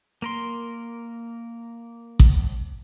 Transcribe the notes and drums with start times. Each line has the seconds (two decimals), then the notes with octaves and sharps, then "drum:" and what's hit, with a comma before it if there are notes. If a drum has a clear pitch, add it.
0.22 A#3 A#4 C6
2.19 drum: kick A1